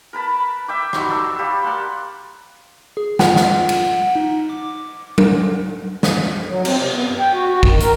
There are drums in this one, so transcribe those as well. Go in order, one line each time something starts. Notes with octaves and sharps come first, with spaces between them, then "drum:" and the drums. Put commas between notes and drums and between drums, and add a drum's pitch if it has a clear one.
A#4 B4 A5 B5
E5 G5 D6
G3 D#4 F#4, drum: rim click
A4 E6
G3 G4 F5
A#4 F#5 A5 C6
G#4
F4 F#5, drum: snare
drum: snare
drum: cymbal
D#4
D6
drum: tom F#3
drum: snare
F#3
C4, drum: cymbal
C3
B3
G2
G5
F#4
F#4
D#3, drum: kick
A#4, drum: hi-hat